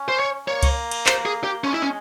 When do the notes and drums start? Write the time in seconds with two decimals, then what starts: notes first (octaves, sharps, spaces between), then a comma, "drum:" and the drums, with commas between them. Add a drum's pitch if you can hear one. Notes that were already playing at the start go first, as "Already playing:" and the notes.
Already playing: C#4
0.08 C5
0.19 C#5
0.48 A#3 C#5
0.63 drum: kick C#2, cymbal
0.91 drum: cymbal
1.06 C5, drum: clap
1.26 G#4
1.44 G4
1.64 G#3 C#4
1.73 E4
1.82 C#4